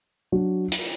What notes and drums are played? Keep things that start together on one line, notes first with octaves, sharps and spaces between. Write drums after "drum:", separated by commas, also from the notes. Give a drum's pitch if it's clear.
F#3 D4 F#4
drum: hi-hat